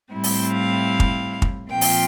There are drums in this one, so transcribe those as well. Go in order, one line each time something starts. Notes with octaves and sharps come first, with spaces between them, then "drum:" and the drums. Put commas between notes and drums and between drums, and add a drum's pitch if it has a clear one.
A2 G3 C4 E4
drum: open hi-hat
F5
drum: kick
drum: kick
A#2 F3 C4 F4 G5
drum: open hi-hat